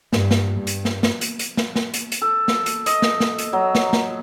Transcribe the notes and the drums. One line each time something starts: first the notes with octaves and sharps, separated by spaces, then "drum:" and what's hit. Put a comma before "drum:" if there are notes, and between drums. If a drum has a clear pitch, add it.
G2, drum: snare
drum: snare
G2
drum: hi-hat
drum: snare
drum: snare
drum: hi-hat
drum: hi-hat
drum: snare
drum: snare
drum: hi-hat
drum: hi-hat
A4
drum: snare
drum: hi-hat
D#5, drum: hi-hat
drum: snare
drum: snare
drum: hi-hat
F#3
drum: snare
drum: snare